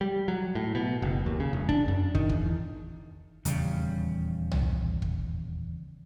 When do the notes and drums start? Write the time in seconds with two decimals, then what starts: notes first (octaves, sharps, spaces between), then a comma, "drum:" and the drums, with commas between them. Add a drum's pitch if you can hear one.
0.01 G3
0.28 F#3
0.55 A2
0.75 B2
1.02 F#1
1.26 D#2
1.40 C#3
1.53 E1
1.69 D4, drum: kick
1.88 F#2
2.15 D#3, drum: kick
2.29 E2, drum: kick
3.45 D#1 E2 C#3 G3, drum: hi-hat
4.52 drum: tom
5.02 drum: kick